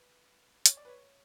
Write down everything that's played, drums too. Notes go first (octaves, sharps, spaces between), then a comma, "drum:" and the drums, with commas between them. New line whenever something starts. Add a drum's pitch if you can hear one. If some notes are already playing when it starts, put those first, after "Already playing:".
Already playing: B4
C#5, drum: hi-hat
D5
B4
C#5